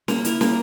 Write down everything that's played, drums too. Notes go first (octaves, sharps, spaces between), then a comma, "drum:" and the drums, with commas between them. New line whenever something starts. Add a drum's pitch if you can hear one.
A#3, drum: snare
E4 A#4, drum: hi-hat
A#3, drum: snare